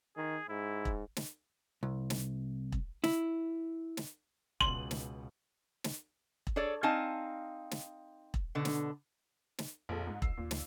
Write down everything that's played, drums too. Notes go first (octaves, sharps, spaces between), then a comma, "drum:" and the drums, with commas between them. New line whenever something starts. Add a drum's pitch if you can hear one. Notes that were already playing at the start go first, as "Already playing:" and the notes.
D#3 G#4
G#2 E4
drum: kick E1
drum: snare
C2
drum: snare
drum: kick E1
E4, drum: snare
drum: snare
C#2 B2 C6 F#7, drum: kick E1
drum: snare
drum: snare
drum: kick E1
G#4 A4 C#5 D5
C4 D#4 F5 G#5 A5
drum: snare
drum: kick E1
B2 D3
drum: snare
drum: snare
A#1 F2 G#4 A4
G#2
C#2 E6 C7, drum: kick E1
D#2 A#2
D2, drum: snare